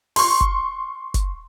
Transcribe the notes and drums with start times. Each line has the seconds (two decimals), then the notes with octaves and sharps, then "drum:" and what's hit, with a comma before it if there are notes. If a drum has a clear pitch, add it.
0.16 C6 C#6, drum: open hi-hat
0.41 drum: kick
1.14 drum: kick, hi-hat